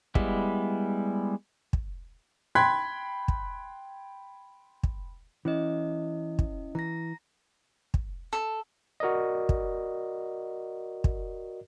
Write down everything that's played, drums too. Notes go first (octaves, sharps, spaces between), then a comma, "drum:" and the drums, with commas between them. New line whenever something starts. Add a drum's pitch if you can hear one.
G3 G#3 B3 E4, drum: kick
drum: kick
G5 B5 C6 F#6 G#6 B6
drum: kick
drum: kick
E3 C#4 E4 D#5
drum: kick
E3 A#5 A#6
drum: kick
A4
F#4 A#4 D5 D#5
drum: kick
drum: kick